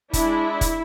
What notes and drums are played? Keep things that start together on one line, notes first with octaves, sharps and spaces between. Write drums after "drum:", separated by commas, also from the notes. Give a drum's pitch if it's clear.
G#3 D4 E4, drum: kick, hi-hat
drum: kick, hi-hat